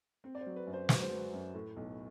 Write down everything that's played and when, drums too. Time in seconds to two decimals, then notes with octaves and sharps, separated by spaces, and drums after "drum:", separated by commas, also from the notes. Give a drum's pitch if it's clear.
0.24 C4
0.35 D5
0.41 C5
0.46 F#3
0.56 B4
0.67 F#2
0.73 C5
0.89 F#3 B4, drum: snare
1.01 C5
1.10 F#3 B4
1.33 F#2
1.54 A2
1.76 B1